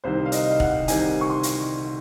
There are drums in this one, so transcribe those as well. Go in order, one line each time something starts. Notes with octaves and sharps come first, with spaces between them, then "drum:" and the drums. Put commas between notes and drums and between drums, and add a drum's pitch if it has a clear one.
C2 C3 D#3 C5
F5
D#5, drum: hi-hat
F5
F#5, drum: kick
C2 C3 D#3 G#5, drum: hi-hat
C#6
C6
drum: hi-hat